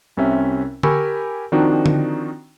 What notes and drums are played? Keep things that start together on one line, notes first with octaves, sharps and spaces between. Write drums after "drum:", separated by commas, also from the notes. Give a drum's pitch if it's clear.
C2 C3 C#4 E5
G4 A#4 G#5 B5 C#6 E6, drum: tom D3
D#3 F3 C4 D4 D#4 F#4
drum: tom D3